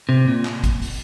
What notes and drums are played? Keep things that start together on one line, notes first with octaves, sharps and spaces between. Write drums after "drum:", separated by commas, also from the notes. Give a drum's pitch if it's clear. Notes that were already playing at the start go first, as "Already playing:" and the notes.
C3
A#2
drum: clap
drum: kick, hi-hat
drum: open hi-hat